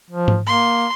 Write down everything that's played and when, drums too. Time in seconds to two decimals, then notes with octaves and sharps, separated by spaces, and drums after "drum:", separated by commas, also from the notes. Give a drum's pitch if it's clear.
0.10 F3
0.28 drum: tom G#2
0.47 A#3 C6